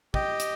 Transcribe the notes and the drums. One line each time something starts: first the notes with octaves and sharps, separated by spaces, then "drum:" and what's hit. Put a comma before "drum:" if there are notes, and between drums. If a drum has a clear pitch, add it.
G4 D#5 G5, drum: kick
drum: hi-hat